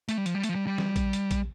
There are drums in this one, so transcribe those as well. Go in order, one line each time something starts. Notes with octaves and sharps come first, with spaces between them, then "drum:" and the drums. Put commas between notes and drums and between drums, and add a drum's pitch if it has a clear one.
A3, drum: hi-hat
G3
F3, drum: hi-hat
G3
A3, drum: hi-hat
F3
G3
G3
drum: snare
drum: kick A#1, hi-hat
drum: hi-hat
drum: kick A#1, hi-hat